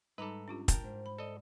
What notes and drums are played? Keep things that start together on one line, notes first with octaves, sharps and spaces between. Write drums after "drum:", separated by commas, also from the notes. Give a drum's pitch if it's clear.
G#2 G3 D#4 A4 B4 A#5 B5 D6
C#4 D4 F4 G4
A#4 G5 A5, drum: kick, hi-hat
G#2 C5
B5
A4 D5 D#5